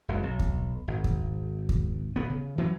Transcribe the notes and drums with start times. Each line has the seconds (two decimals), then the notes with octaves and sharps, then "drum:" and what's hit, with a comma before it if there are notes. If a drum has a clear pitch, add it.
0.08 F#1 C#2
0.23 B1
0.39 drum: kick D#2
0.88 G#1
1.04 drum: kick D#2
1.69 drum: kick D#2
2.16 D#1 D2 B3
2.30 C#3
2.58 E3 F#3 A3 C#4